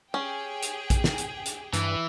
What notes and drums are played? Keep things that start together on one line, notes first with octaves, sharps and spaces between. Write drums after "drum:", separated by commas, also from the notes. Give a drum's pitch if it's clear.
C#4 G4 G#4 G5
drum: hi-hat
drum: kick A#1, hi-hat
drum: snare
drum: hi-hat
drum: hi-hat
G2 E3, drum: hi-hat